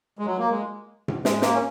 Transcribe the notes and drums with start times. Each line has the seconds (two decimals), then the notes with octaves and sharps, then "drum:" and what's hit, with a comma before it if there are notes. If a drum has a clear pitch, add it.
0.19 G#3
0.25 F#3
0.39 A#3
0.50 G#3
1.08 drum: tom A2
1.25 G#3, drum: snare
1.42 A#3, drum: snare
1.54 C#4